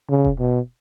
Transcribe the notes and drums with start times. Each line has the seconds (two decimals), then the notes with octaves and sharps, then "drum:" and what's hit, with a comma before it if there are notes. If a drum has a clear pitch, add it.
0.10 C#3
0.25 drum: kick E1
0.39 B2